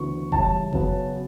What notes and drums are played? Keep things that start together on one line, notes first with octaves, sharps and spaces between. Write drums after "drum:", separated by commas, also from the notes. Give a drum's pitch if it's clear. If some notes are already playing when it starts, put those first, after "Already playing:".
Already playing: D2 C#3 E3 B3 E4 C#6
C#3 E3 G3 C#4 E4 A5, drum: kick F#1
C#3 F#3 B3, drum: kick F#1